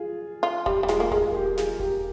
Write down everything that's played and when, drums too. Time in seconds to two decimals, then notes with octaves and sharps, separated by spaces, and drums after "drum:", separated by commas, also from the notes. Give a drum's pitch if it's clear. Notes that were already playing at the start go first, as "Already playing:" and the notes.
Already playing: F4 G#4
0.43 F4
0.66 G3 G4, drum: kick E1
0.83 G3
0.88 G#3 F4 G#4, drum: snare
1.00 A#3 A#4
1.11 G#3 F4 G#4, drum: kick E1
1.35 G4
1.57 F4 G#4, drum: snare
1.79 G4 A#4, drum: kick E1